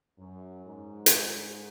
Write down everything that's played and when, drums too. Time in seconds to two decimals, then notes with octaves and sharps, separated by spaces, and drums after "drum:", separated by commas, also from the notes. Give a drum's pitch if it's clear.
0.19 F#2
0.65 G#2
1.06 drum: hi-hat